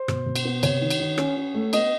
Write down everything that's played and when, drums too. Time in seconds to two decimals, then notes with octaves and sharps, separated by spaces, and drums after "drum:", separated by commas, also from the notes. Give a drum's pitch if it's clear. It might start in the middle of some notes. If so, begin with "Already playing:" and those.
Already playing: C5
0.08 B2, drum: rim click
0.26 B2
0.36 drum: cymbal
0.45 B3
0.63 C3 C#5, drum: cymbal
0.81 D#3
0.90 drum: cymbal
1.00 D#3
1.18 C#4, drum: rim click
1.37 C#4
1.54 A3
1.73 B3 D#5, drum: cymbal